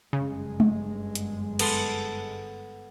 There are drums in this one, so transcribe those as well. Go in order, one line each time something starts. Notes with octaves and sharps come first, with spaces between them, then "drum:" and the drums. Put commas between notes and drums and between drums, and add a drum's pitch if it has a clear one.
G1 F#2 C#3 G#3
drum: tom G#3
drum: hi-hat
B3 A4 C6, drum: cymbal